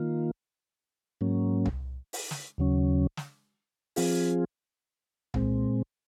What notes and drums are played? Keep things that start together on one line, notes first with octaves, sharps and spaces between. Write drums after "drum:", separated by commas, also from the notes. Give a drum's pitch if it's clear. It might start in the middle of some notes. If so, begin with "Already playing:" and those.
Already playing: D#3 A#3 F4
G#2 F#3 A#3 C#4
drum: tom C2
drum: open hi-hat
drum: snare
D#2 C#3 F#3 C#4
drum: snare
F3 C4 F4 G#4, drum: open hi-hat
A#2 G#3 C4, drum: tom C2